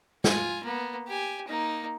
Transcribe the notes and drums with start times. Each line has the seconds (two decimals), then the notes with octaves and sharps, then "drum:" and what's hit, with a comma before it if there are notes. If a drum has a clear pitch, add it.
0.24 F4 G#5, drum: snare
0.63 A#3 B3
1.07 G4 G#5
1.47 A#3 D#4